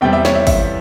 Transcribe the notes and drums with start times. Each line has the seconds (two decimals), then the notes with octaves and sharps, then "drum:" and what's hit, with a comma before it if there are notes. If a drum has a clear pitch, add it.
0.01 E2 C3 G3 G5
0.13 E5
0.25 C#5, drum: snare
0.35 E5
0.47 E5, drum: kick, open hi-hat